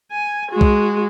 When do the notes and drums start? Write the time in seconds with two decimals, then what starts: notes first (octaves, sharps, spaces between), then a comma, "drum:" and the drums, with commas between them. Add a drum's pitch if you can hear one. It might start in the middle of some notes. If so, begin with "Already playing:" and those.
0.12 G#5
0.51 G#3 F#4
0.61 drum: kick